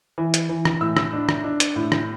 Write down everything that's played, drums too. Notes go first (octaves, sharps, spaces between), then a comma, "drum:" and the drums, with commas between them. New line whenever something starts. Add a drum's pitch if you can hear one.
E3
drum: hi-hat
E3
drum: rim click
A2 E6
E6, drum: rim click
D4
drum: rim click
D4
drum: hi-hat
A2
drum: rim click